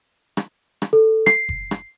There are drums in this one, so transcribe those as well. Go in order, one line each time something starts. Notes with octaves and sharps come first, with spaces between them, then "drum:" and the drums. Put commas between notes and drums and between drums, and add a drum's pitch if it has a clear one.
drum: rim click
drum: rim click
A4
C7, drum: rim click
drum: kick F#1
drum: rim click